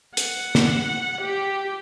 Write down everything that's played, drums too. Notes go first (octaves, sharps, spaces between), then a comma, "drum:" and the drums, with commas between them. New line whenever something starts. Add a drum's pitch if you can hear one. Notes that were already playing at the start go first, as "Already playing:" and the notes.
F#5, drum: hi-hat
drum: snare
G4